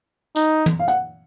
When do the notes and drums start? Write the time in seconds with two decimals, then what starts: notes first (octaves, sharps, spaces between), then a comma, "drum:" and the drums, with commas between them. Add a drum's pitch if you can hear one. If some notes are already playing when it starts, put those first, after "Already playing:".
0.36 D#4, drum: tambourine
0.66 drum: tom
0.79 F5
0.88 F#5, drum: hi-hat